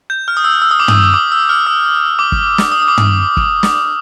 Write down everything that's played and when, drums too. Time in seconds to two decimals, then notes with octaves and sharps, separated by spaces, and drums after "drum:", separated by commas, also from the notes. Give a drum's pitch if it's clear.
0.10 G6
0.28 F6
0.37 D#6
0.44 E6
0.62 E6
0.71 D#6
0.80 D6
0.88 D#6, drum: tom
1.04 D#6
1.14 D6
1.32 E6
1.49 F6
1.67 E6
2.19 D6
2.32 drum: kick
2.58 drum: snare
2.72 D#6
2.82 D#6
2.88 D6
2.97 drum: tom
3.37 drum: kick
3.63 drum: snare